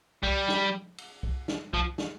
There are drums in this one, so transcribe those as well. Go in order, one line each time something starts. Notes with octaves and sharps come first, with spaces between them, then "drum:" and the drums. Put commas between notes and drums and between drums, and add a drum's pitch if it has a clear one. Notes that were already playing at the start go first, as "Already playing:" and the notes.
G3, drum: kick C2
drum: snare
drum: cymbal
drum: kick C2
drum: snare
F3, drum: kick C2
drum: snare